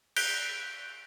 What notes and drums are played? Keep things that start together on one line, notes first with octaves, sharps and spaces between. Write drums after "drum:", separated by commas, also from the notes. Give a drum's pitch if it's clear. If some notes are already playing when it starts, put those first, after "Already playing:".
F#6 G6 B6 D7 F7 G7, drum: cymbal